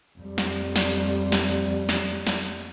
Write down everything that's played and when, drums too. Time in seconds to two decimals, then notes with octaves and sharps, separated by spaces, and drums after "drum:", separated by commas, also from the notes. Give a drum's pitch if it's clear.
0.19 F2 G3
0.38 drum: snare
0.76 drum: snare
1.32 drum: snare
1.89 drum: snare
2.27 drum: snare